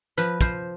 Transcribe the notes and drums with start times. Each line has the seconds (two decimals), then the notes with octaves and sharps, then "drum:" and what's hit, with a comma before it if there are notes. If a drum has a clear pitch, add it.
0.17 F3 B4, drum: hi-hat
0.41 F3 C5, drum: kick, hi-hat